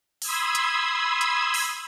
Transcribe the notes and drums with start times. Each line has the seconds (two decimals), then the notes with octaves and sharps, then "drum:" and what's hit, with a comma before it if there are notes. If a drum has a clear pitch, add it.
0.22 B5 C6 D#6 E6 G#6, drum: open hi-hat
0.55 drum: hi-hat
1.21 drum: hi-hat
1.54 drum: open hi-hat